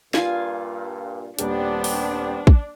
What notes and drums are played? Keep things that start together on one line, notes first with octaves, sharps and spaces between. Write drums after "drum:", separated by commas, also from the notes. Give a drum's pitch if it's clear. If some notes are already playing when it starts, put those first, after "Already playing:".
G2 A#2 F4 F5 G#5, drum: snare
D#1 G3 B3 C4 D4 G4, drum: hi-hat
drum: open hi-hat
drum: kick